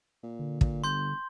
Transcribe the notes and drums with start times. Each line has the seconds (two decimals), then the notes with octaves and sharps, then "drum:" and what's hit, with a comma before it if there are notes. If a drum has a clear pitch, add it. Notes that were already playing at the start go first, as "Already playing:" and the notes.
0.23 A#2
0.39 D3
0.61 A#2, drum: kick
0.84 G1 C6 G6